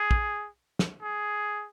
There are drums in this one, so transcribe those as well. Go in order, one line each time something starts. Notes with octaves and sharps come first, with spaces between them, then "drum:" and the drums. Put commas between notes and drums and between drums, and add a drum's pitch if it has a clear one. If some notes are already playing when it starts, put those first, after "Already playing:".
Already playing: G#4
drum: kick
drum: snare
G#4